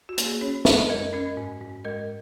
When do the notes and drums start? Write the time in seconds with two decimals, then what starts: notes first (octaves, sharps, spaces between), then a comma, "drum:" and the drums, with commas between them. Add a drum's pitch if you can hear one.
0.09 F#4
0.18 A#3, drum: hi-hat
0.26 G#4
0.41 C#4 G#4 C#5
0.65 F#2, drum: snare
0.89 G#3 A#4 D#5
1.13 C#4 A#4 D#5
1.37 G#2
1.61 G#2
1.85 G#3 A#4 D#5